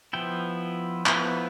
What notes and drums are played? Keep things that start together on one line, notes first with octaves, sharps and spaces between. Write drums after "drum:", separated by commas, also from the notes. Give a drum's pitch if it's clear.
F3 B3 E4 G5
F3 B3 E4, drum: clap